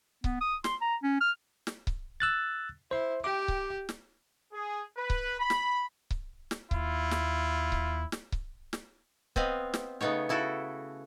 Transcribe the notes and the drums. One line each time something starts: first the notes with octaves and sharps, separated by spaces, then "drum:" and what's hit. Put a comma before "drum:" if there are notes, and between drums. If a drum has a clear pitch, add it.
B3, drum: kick C#1
D#6
C6, drum: snare
A#5
C#4
F6
drum: snare
drum: kick C#1
E6 F#6 A6
E4 C5 C6
G4 G5 D6
drum: kick C#1
drum: snare
G#4
B4
drum: kick C#1
B5
drum: snare
drum: kick C#1
drum: snare
D#2 E4 F4, drum: kick C#1
drum: snare
drum: kick C#1
drum: snare
drum: kick C#1
drum: snare
B3 C4 B4 D#5 F5, drum: kick C#1
drum: snare
C#3 A3 B3 D#4 C#5
C#3 E4 F#4 A4